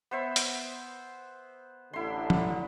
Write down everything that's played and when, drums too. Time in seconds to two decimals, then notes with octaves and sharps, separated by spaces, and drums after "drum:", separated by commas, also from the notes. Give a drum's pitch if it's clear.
0.11 B3 C5 E5
0.36 drum: hi-hat
1.93 A1 D3 E4 C6
2.30 drum: tom F3